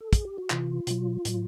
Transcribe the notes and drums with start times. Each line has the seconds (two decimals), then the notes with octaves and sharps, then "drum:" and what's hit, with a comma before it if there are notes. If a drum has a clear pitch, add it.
0.01 A4
0.13 G#4, drum: kick, hi-hat
0.25 G4
0.38 F#4
0.50 C3 E3 F4, drum: clap
0.87 B2 F#3, drum: hi-hat
1.25 A2 F#3, drum: hi-hat